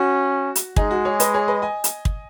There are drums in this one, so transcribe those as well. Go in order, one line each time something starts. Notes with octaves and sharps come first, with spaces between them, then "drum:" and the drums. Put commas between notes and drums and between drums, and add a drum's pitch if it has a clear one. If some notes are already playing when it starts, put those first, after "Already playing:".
Already playing: C#4 F#4
drum: hi-hat
G#3 D#4 G#4, drum: kick
F#4
G#4 C#5
B4 D#5, drum: hi-hat
G#4 C#5
B4 D#5
D#5 G#5
drum: hi-hat
drum: kick